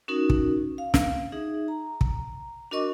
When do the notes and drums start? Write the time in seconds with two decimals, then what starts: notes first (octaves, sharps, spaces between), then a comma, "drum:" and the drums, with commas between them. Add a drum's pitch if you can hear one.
0.08 C#4 D#4 F#4 A#4
0.30 drum: kick
0.78 F5
0.94 drum: snare
1.32 D#4 G#4 E5
1.68 A#5
2.01 drum: kick
2.71 D4 F#4 A#4 D#5 C#6 D6